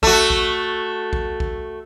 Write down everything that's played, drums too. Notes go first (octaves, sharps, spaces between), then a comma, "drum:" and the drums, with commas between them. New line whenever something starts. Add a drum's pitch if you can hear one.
A3 F#4, drum: kick A#1
drum: kick A#1
drum: kick A#1
drum: kick A#1